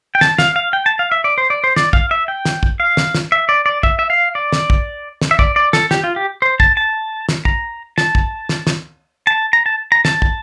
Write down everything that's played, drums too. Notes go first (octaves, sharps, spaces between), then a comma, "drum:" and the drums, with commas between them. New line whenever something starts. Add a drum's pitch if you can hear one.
G5
A5, drum: snare
F5, drum: snare
F5
G5
A5
F5
E5
D5
C5
D5
C5
D5, drum: snare
F5, drum: kick
E5
G5
drum: snare
drum: kick
F5
drum: snare
drum: snare
E5
D5
D5
E5, drum: kick
E5
F5
D5
drum: snare
drum: kick
drum: snare
E5
D5, drum: kick
D5
A4, drum: snare
G4, drum: snare
F4
G4
C5
A5, drum: kick
A5
drum: snare
A#5, drum: kick
A5, drum: snare
drum: kick
drum: snare
drum: snare
A5
A#5
A5
A#5
A5, drum: snare
drum: kick